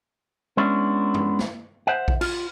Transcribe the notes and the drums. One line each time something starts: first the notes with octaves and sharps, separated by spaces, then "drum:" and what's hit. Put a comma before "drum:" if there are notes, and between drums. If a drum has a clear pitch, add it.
G#3 B3 C#4 D4 E4
drum: tom G2
drum: snare
C5 E5 F#5
drum: kick A#1
F4, drum: cymbal